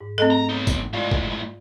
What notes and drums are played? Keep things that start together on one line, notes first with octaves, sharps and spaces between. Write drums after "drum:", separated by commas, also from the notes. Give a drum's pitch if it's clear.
G#2
A3 C4 A4 D#5
A#5
B3 D#4
drum: kick G1, tambourine
A2 G#3 F4 D5 F5
drum: kick G1